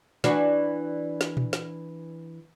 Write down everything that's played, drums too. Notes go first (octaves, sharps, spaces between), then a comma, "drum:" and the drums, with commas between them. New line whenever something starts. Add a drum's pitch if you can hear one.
E3 D4 F#4, drum: snare
drum: snare
drum: tom A#2
drum: snare